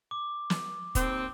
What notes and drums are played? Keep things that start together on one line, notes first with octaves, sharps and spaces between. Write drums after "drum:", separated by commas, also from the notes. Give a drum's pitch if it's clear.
D6
drum: snare
D#2 C4, drum: kick, hi-hat